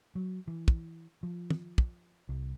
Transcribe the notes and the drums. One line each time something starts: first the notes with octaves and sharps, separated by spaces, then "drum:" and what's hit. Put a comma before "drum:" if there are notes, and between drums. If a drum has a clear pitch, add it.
F#3
E3
drum: kick
F3
drum: tom
drum: kick
C2